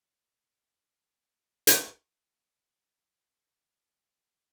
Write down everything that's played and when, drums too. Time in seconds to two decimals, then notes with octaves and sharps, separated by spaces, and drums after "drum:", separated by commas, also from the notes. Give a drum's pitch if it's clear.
0.02 G#4
0.16 C5
0.31 F#5
0.48 A4
0.62 C#5
0.77 F5
0.91 C#5
1.02 G#5
1.14 F4
1.26 D#6
1.39 D#5
1.67 drum: hi-hat
2.53 C5
2.93 A#4